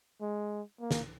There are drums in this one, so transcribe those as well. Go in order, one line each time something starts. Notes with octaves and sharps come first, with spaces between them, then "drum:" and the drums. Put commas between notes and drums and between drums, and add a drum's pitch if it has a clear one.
G#3
A#3
drum: snare